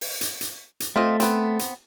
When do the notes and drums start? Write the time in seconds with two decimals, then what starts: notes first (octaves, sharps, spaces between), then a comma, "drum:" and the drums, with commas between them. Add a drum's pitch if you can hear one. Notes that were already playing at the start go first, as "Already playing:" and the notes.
0.01 drum: open hi-hat
0.21 drum: hi-hat
0.41 drum: hi-hat
0.80 drum: hi-hat
0.96 A3 C4 F4 D#5
1.20 B3 C4, drum: hi-hat
1.59 drum: hi-hat